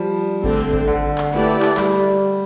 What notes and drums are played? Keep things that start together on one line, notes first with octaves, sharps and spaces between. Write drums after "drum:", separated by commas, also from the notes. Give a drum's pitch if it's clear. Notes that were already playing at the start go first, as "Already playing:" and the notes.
Already playing: F3 G3
D3 A3 C4, drum: kick G#1
drum: kick G#1
D3
drum: clap
A3 E4 G4 B4 D5
drum: clap
G3, drum: clap